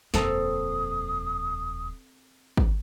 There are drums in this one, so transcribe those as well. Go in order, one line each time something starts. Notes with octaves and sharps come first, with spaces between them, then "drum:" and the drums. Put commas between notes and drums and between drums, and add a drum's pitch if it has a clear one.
D#1 F2 C4 A4 A#5 D#6, drum: snare
drum: kick